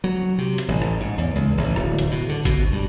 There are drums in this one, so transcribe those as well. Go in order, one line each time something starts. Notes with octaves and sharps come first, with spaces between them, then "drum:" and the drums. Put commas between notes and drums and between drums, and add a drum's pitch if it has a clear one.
F#3
C3
drum: hi-hat
A1
drum: rim click
G#2
E2
C#2
A1
D1, drum: rim click
drum: hi-hat
B2
D3
B2, drum: kick G#1, hi-hat
G2